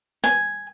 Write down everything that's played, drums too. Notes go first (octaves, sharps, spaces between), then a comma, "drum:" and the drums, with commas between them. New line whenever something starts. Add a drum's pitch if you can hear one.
G#5, drum: snare